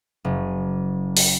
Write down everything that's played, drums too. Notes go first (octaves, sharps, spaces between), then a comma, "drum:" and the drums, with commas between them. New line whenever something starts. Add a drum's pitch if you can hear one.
F#1
drum: open hi-hat